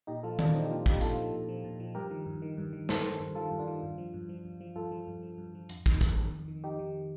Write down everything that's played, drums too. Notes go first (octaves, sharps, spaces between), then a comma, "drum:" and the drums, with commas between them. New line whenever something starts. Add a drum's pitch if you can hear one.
A#2 D#4 G4
F3 F4 A4
A#2 A#3 D4, drum: tom D#3
F3 C4 D#4
G4
A#2 D4 F4
F3 D#4 G4, drum: kick
A#2 F4 A4, drum: hi-hat
F3
A#2
F3
A#2
F3
G2 G4 A#4
D#3
G2
D#3
G2
D#3
G2 A4 C5, drum: snare
D#3
G2
D#3 F4 A4
G2
D4 F4
D#3
G2
F3
G2
F3
G2
F3
G2 F4 A4
F3
G2
F3
G2
F3
F2, drum: hi-hat
D#3, drum: kick
F2, drum: kick
D#3
F2
D#3
F2 D#4 G4
D#3